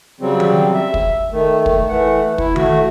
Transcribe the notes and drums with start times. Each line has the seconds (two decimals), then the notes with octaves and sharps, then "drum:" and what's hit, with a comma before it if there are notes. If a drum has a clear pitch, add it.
0.21 C#3 F#3 G3 C4
0.40 drum: tom D#3
0.74 E5
0.94 drum: kick
1.32 D#3 A3
1.66 drum: kick
1.89 E3 A3 F#5
2.38 E4, drum: kick
2.56 A3 F#4, drum: tom D#3